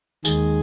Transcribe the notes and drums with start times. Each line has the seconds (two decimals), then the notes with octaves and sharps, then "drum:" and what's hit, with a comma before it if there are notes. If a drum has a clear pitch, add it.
0.25 D#2 D#3 G#3 G#4, drum: tambourine